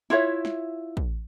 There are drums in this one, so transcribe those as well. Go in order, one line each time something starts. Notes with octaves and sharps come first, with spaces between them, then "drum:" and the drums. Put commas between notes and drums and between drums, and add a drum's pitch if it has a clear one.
E4 F4 C#5 E5
drum: snare
drum: kick